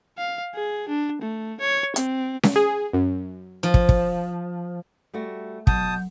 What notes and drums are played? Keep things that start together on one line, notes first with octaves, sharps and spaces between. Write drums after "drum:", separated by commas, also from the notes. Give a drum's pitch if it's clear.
F5
G#4
D4
A3
C#5
C4, drum: hi-hat
drum: snare C#4
G#4
F#2
F3
drum: kick
drum: kick
G3 A3 F#4
B2 F#3 A5 D#6 G6, drum: kick